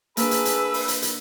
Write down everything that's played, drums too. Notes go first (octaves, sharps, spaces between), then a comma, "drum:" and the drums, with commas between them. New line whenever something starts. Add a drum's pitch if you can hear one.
A#3 D4 G#4 B4 B5 E6, drum: hi-hat
drum: hi-hat
drum: hi-hat
drum: open hi-hat
drum: hi-hat
drum: hi-hat